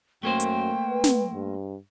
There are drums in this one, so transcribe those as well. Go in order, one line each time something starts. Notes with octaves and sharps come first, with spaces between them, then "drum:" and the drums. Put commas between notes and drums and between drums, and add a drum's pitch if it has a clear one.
F#2 A3 A#3 C5 G5
drum: hi-hat
B4
drum: snare
G2